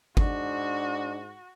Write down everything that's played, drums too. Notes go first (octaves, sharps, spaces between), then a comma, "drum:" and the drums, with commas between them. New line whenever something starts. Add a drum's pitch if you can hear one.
G#2 D4 F#4, drum: kick